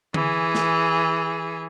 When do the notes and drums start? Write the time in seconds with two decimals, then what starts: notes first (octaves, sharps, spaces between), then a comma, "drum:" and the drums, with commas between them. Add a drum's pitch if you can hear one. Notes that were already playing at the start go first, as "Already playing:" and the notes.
0.14 E3 G#4, drum: tom D3
0.55 drum: snare